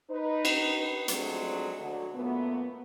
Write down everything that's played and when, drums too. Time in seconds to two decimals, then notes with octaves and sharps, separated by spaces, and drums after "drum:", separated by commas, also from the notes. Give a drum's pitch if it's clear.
0.10 D#4 B4
0.45 drum: cymbal
1.08 F3 F#3 G#3 A3 C4 D4, drum: hi-hat
1.78 D2 D3 F#3
2.14 F#2 A#2 A3 B3